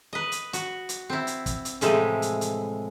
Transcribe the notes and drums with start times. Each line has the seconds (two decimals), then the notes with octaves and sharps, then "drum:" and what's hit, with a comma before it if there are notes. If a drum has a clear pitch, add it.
0.13 B4 D#5
0.32 drum: hi-hat
0.53 F#4, drum: hi-hat
0.89 drum: hi-hat
1.10 C4 E4
1.27 drum: hi-hat
1.46 drum: kick, hi-hat
1.65 drum: hi-hat
1.81 A2 C3 E3 F3 G#3 E4, drum: hi-hat
2.22 drum: hi-hat
2.41 drum: hi-hat